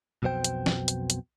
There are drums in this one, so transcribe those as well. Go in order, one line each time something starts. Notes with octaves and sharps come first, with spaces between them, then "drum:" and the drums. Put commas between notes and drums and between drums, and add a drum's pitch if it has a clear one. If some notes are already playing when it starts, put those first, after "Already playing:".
B1 F2 B2 C5 G5
drum: hi-hat
drum: snare
drum: hi-hat
drum: hi-hat